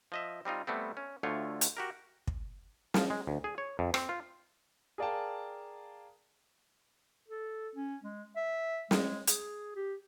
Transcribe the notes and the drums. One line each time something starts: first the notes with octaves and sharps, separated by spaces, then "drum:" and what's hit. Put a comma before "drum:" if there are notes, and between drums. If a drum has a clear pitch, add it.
F3 D#5 E5
G3 C4 D#4 F4
G3 A3 B3 C4
C#4
D2 D3 A3 F4 C#5
drum: hi-hat
F#4 G4 A#4
drum: kick
F3, drum: snare
G#3
D2
G#4
C#5
F2
C4, drum: rim click
F4
G#4 A#4 D5 F5 G5 A5
A4
C#4
G#3
E5
G#3, drum: snare
G#4, drum: hi-hat
G4